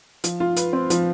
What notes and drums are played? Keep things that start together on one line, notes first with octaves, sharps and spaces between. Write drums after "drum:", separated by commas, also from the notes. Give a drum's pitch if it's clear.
F3, drum: hi-hat
F4
B4, drum: hi-hat
C4
F3, drum: hi-hat